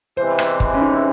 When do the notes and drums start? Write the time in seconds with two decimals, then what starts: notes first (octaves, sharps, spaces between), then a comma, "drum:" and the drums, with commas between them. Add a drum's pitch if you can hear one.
0.17 E2 C3 E3 G#3 C4 C5
0.39 drum: rim click
0.60 drum: kick
0.74 C#4
0.81 D#4